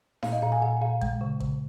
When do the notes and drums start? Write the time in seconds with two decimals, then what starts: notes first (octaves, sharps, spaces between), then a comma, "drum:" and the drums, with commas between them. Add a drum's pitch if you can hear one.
0.23 A#2 F5, drum: snare D#4
0.32 D#5
0.42 A#2 F5
0.52 G#5
0.62 A#2 F#5
0.82 A#2 F5
1.01 G#3, drum: kick
1.21 C#3
1.40 C#3, drum: kick